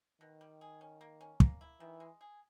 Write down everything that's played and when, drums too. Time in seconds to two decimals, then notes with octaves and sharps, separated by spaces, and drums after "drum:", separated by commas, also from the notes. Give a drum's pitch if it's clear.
0.21 B2 D#3
0.41 G3
0.61 G#4
0.81 C#4
1.01 A#3
1.21 C#4
1.40 A#3, drum: kick
1.61 E4
1.80 D#3 E3
2.00 G#3
2.21 G#4